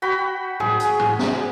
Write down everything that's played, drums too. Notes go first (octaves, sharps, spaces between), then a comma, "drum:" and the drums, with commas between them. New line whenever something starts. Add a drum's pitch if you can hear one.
F#4 G5 B5
G#4, drum: tom G#2
drum: hi-hat
drum: tom G#2
drum: snare